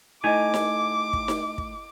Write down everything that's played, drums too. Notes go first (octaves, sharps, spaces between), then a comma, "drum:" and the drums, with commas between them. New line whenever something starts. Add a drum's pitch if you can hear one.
A3 D#4 E4 D#5 G#5 D6
drum: snare D#4
drum: kick
drum: snare D#4
drum: kick